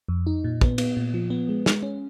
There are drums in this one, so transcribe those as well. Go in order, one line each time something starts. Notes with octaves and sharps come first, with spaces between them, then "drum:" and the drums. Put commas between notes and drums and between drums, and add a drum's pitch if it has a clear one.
F2
D#4
A#2
B3, drum: kick
B3, drum: cymbal
A#2
F3
B3
G#3
G#3, drum: snare
C#4